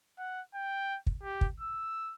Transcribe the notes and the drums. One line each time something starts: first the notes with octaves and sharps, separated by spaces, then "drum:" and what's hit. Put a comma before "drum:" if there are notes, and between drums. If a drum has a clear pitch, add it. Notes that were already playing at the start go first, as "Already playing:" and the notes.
F#5
G5
drum: kick
G4
drum: kick
E6